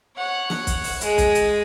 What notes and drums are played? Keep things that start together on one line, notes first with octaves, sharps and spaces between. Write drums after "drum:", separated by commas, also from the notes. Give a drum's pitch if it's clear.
C#5 F#5
drum: snare
drum: kick, hi-hat
drum: open hi-hat
G#3, drum: hi-hat
drum: kick, hi-hat
drum: hi-hat